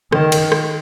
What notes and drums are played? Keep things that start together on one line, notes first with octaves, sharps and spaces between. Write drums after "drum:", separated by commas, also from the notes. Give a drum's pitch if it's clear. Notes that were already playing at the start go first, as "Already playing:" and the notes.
D#3, drum: rim click
drum: cymbal
drum: rim click